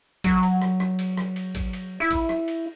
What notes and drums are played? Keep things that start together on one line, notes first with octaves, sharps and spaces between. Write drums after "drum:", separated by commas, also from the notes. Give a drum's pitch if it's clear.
F#3, drum: kick, cymbal
drum: cymbal
drum: rim click
drum: rim click
drum: cymbal
drum: rim click
drum: cymbal
drum: kick, cymbal
drum: cymbal
E4
drum: kick, cymbal
drum: rim click
drum: cymbal